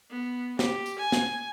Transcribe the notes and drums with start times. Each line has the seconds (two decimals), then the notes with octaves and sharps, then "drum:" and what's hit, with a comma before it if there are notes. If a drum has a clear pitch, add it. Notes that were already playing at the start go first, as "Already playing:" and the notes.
0.10 B3
0.59 G4, drum: snare
0.86 drum: tambourine
0.99 G#5
1.12 drum: snare